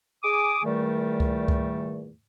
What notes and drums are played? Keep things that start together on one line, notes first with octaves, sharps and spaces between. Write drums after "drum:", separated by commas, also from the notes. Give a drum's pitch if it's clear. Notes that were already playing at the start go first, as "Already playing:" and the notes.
G#4 D6 D#6
E2 A#2 D#3 G3 A3
drum: kick C#2
drum: kick C#2